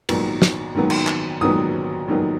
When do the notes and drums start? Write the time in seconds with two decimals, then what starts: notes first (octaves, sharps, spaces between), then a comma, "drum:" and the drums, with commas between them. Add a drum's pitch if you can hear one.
0.09 A#1 G#2 D#3 F#3 B3, drum: cymbal
0.42 drum: snare
0.75 A#1 G#2 D#3 F#3 B3
0.90 drum: cymbal
1.07 drum: clap
1.41 A#1 G#2 D#3 F#3 B3 D#6
2.08 A#1 G#2 D#3 F#3 B3